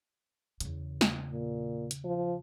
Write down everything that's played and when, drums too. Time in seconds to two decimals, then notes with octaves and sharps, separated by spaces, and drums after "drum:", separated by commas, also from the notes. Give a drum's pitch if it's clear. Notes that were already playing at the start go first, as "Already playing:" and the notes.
0.60 E2 C#3, drum: hi-hat
1.01 drum: snare
1.30 A#2
1.91 drum: hi-hat
2.04 F3